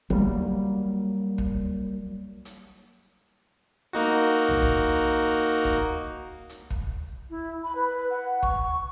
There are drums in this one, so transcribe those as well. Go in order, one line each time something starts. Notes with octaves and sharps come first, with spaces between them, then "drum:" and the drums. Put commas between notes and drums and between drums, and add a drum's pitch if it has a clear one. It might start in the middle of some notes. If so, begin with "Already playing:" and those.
F#3 G3 A#3, drum: kick
drum: kick
drum: hi-hat
A#3 D#4 F#4
drum: tom
drum: kick
drum: kick
drum: hi-hat
drum: kick
E4
B5
B4
F#5
C#6, drum: kick